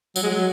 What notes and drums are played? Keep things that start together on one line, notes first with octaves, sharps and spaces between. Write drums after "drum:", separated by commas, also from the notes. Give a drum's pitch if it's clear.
F#3, drum: tambourine
G#3
F#3